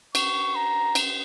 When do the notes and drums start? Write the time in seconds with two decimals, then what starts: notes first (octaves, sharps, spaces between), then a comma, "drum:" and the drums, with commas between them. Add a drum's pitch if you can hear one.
0.15 C#6, drum: cymbal
0.56 A#5
0.95 drum: cymbal